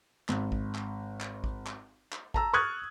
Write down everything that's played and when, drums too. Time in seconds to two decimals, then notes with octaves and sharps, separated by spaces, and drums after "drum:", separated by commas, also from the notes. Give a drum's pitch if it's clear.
0.29 G#1, drum: clap
0.52 drum: kick A1
0.75 drum: clap
1.21 drum: clap
1.44 drum: kick A1
1.67 drum: clap
2.13 drum: clap
2.34 A5 A#5 E6, drum: kick A1
2.54 C#6 D#6 F6 F#6 G#6 A6